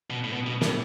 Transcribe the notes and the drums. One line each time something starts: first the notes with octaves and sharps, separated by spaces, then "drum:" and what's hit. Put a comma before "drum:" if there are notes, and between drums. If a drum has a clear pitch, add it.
B2
A2
B2
B2
A2, drum: snare